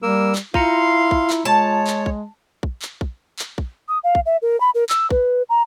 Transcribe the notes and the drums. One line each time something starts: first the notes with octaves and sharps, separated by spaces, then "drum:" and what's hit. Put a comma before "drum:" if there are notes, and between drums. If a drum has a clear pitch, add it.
G3 A#3 A#4 E6
drum: clap
E4 F4 F5 A#5 C6 C#7, drum: kick
drum: kick
drum: clap
G#3 C#5 A5
drum: clap
drum: kick
drum: kick
drum: clap
drum: kick
drum: clap
drum: kick
D#6
F5
drum: kick
E5
A#4
B5
A#4
E6, drum: clap
B4, drum: kick
A#5